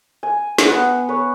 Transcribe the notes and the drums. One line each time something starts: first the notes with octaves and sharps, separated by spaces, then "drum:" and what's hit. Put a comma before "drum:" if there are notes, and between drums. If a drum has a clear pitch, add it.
G#5
drum: snare
B3 F#5
B4 C#5